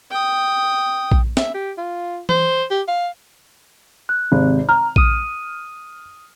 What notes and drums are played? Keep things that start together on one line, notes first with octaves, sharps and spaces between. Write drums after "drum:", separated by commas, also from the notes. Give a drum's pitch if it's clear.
G5 D#6
drum: kick A#1
E5, drum: snare
G4
F4
C5, drum: tom E3
G4
F5
F#6
G#1 C3
A#5 F6
D#6 D#7, drum: kick A#1